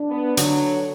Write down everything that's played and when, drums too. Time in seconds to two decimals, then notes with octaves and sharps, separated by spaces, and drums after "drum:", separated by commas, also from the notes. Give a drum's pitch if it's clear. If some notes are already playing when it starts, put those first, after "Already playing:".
Already playing: D4
0.10 B3
0.37 D3 F#3, drum: hi-hat